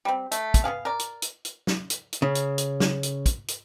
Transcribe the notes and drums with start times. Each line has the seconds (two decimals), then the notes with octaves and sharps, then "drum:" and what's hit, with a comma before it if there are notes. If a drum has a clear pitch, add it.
0.05 G3 C4
0.32 A3, drum: hi-hat
0.54 drum: kick, hi-hat
0.64 B3 C#4 G#4 F5
0.85 A#4 D5
0.99 drum: hi-hat
1.22 drum: hi-hat
1.45 drum: hi-hat
1.67 drum: snare
1.90 drum: hi-hat
2.13 drum: hi-hat
2.22 C#3
2.35 drum: hi-hat
2.58 drum: hi-hat
2.80 drum: snare
3.03 drum: hi-hat
3.26 drum: kick, hi-hat
3.48 drum: hi-hat